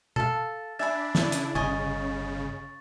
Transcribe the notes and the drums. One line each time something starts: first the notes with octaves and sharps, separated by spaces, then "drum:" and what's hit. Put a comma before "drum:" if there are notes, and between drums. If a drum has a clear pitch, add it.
A4 F5 A6, drum: tom
D4 E5 G#5 B5 A6
C#3 D4 E4, drum: snare
drum: hi-hat
G1 C#3 D#5 G#5 C#6 A6